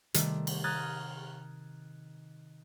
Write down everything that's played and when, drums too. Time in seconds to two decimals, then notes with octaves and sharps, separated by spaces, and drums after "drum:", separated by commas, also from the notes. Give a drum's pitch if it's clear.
0.14 C3 D#3 G3 A3, drum: hi-hat
0.47 drum: cymbal
0.64 A#5 D#6 F6 F#6 G#6 A6